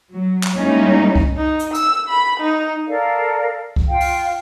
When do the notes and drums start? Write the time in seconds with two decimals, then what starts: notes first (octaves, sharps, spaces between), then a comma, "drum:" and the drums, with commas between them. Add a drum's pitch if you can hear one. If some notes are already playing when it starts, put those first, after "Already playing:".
0.12 F#3
0.43 drum: clap
0.56 G3 G#3 A#3 C#4 D#4 E4
1.15 drum: kick C2
1.37 D#4
1.59 drum: hi-hat
1.74 E6, drum: hi-hat
2.09 B5
2.40 D#4
2.87 A4 A#4 D5 F5
3.76 drum: kick C2
3.87 F4 F5 G5
4.00 drum: open hi-hat